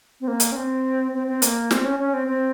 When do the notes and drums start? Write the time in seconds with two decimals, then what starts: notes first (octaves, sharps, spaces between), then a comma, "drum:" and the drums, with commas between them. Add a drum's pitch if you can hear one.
0.21 C4
0.28 A#3
0.40 drum: hi-hat
0.52 C#4
0.56 C4
1.14 C4
1.27 C4
1.42 A#3, drum: hi-hat
1.71 C4, drum: snare
1.85 C#4
1.99 C#4
2.14 C4
2.27 C4